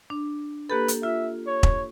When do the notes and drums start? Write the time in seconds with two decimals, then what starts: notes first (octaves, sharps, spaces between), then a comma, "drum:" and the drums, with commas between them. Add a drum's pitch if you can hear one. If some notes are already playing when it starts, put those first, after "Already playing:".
0.10 D4
0.70 A#3 G4 A4 B4
0.88 drum: hi-hat
1.03 F4 E5
1.47 C#5
1.63 drum: kick E1